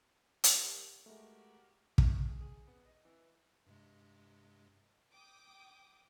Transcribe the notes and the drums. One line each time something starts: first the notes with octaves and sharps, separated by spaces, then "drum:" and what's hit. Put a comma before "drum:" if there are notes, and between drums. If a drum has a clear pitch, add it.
G3 A#3 G4, drum: hi-hat
G#3 A3 F#4 G4 A#4
A2, drum: kick
G#4
G#4
B3
D#5
E3
G2 C3 G#3
G5 D6 D#6